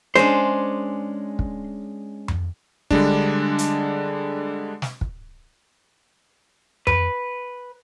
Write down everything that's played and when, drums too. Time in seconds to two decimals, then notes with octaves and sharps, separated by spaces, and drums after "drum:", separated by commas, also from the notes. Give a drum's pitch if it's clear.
0.16 G#3 C#4 D4 C5
1.39 drum: kick
2.28 drum: tom F2
2.91 D3 G3 G#3 D4, drum: kick
3.58 drum: hi-hat
4.82 drum: snare
5.01 drum: kick
6.87 B4, drum: tom F2